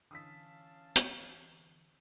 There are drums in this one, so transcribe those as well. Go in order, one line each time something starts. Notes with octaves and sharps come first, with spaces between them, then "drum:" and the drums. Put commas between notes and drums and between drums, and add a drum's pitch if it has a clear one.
D3 E3 C#4 F5 A5 D#6 E6 B6
drum: hi-hat